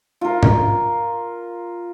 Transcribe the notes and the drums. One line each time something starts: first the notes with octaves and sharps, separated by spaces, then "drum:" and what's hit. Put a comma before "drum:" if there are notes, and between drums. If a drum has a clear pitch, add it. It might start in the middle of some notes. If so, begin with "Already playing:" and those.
F4 A#4
drum: tom